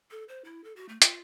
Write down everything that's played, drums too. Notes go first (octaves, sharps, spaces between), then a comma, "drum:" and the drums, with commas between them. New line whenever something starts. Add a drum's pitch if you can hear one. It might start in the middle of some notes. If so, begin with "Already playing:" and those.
A4
C5
E4
A4
F#4
A3
F4, drum: hi-hat